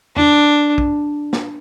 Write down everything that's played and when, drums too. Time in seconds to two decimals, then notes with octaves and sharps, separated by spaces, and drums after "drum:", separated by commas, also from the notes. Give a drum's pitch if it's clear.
0.16 D4, drum: tom
0.78 drum: kick
1.33 drum: snare